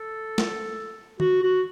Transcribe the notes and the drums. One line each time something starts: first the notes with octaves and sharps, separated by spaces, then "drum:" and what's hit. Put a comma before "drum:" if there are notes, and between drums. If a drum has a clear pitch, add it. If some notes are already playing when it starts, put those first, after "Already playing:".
Already playing: A4
drum: snare
F#4, drum: tom D#3
F#4